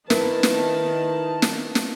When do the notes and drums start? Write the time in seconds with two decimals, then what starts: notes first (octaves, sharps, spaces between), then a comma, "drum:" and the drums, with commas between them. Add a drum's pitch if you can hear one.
0.10 D#3 E4 A#4 B4 A5, drum: snare
0.43 drum: snare
1.42 drum: snare
1.75 drum: snare